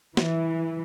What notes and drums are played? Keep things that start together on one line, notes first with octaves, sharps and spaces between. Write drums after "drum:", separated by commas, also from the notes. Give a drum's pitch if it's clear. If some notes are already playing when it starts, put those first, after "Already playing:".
E3, drum: snare